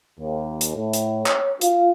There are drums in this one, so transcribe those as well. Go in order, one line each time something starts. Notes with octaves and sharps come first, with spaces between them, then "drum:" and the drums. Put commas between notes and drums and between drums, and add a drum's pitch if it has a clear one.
D#2
drum: hi-hat
A2
drum: hi-hat
C#5, drum: clap
F4, drum: hi-hat